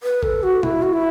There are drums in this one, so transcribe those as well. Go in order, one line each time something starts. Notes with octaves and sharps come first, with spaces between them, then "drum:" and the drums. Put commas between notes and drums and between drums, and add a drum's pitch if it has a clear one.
B4
A4, drum: kick
F#4
E4, drum: tom B2
F#4
E4